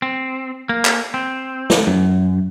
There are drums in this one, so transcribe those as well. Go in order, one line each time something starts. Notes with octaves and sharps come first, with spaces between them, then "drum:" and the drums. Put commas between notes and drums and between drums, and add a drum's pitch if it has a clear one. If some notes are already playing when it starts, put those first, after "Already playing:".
C4
A#3
drum: clap
C4
drum: snare
F#2